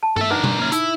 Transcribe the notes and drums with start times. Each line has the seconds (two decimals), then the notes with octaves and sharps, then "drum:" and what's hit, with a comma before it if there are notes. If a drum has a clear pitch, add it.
0.03 A5
0.16 A4 E5, drum: tom G2
0.30 D4 D#4 A#4 B4 F#5
0.44 drum: tom B2
0.59 A#3 C#4
0.72 D#4 E4, drum: hi-hat